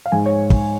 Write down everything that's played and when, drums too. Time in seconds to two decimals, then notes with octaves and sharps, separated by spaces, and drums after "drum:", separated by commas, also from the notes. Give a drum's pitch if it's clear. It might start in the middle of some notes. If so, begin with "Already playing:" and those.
0.06 F5
0.12 G#2 G#5
0.26 C#5
0.50 drum: kick